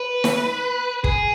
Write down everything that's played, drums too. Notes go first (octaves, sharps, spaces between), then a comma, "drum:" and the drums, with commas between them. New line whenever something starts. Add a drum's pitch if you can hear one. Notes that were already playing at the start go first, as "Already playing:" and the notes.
Already playing: B4
drum: snare
G#4, drum: kick